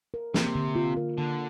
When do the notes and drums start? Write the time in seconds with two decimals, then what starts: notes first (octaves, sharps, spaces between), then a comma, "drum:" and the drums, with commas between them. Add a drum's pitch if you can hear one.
0.14 A#4
0.34 C3 A#3, drum: snare
0.55 D3
0.75 F4
0.97 A#4
1.18 D3 A#3